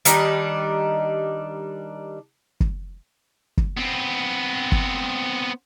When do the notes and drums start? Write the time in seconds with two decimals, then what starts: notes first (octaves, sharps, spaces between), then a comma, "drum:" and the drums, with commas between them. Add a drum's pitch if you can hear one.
0.05 D#3 G3 D4 D#4, drum: hi-hat
2.60 drum: kick
3.57 drum: kick
3.77 B3 C4
4.72 drum: kick